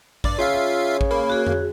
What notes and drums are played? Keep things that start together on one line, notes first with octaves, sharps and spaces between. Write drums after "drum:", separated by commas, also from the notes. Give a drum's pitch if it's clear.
G2 D5, drum: kick A1
C#3 F4 E5 F5
drum: kick A1
A#3 B5
F#4 G#4
drum: tom F2